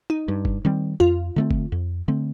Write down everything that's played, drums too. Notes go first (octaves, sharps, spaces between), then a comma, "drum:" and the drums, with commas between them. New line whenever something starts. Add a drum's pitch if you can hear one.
D#4
G2
drum: kick F#1
D#3 G3 C4
F2 F4
D3 A3 C4
drum: kick F#1
F2
D3 A3 C4